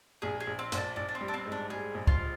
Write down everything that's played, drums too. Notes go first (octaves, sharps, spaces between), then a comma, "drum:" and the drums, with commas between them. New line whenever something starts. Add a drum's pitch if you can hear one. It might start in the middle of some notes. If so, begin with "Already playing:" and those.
A#1 G#4
G#4
A#1
C4
A#1, drum: hi-hat
D4
A#1 D4
D4
C4
G3
D4
C4
G#2
D4
G3 G#4
A#1
F4, drum: kick